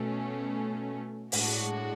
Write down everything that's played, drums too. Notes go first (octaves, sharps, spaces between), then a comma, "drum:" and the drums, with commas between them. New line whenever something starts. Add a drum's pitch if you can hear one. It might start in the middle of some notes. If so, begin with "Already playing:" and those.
Already playing: B2 A3 C#4
A2 G#3 D4 F#4, drum: open hi-hat